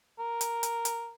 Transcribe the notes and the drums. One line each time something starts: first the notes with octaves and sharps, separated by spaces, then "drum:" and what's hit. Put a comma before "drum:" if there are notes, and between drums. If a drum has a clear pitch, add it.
A#4
drum: hi-hat
drum: hi-hat
drum: hi-hat